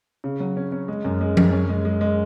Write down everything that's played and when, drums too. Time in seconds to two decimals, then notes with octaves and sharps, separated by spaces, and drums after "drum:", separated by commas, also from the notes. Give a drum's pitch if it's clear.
0.24 C#3
0.40 F#3
0.57 C#4
0.72 C#4
0.88 G#3
1.05 F#2
1.21 G#3
1.37 F#2, drum: tom F3
1.52 C#4
1.69 G#3
1.85 G#3
2.01 G#3